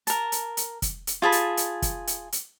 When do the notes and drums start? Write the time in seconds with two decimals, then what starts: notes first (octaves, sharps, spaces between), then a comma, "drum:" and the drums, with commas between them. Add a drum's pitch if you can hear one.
0.07 A#4 A5, drum: hi-hat
0.32 drum: hi-hat
0.57 drum: hi-hat
0.82 drum: kick, hi-hat
1.07 drum: hi-hat
1.22 F4 G#4 A5 B5
1.32 drum: hi-hat
1.57 drum: hi-hat
1.82 drum: kick, hi-hat
2.07 drum: hi-hat
2.32 drum: hi-hat